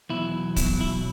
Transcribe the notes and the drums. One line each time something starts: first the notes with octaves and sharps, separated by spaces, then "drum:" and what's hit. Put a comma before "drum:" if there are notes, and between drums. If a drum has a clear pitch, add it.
E2 B2 F#3 E4
E2 B2 F#3 E4, drum: kick, hi-hat
E4